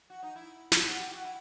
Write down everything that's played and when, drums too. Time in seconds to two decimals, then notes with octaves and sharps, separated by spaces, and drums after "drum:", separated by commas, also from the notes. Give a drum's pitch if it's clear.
0.10 F#4
0.23 D#4
0.36 E4
0.72 drum: snare
0.87 F#4
0.99 G4
1.12 F#4
1.24 E4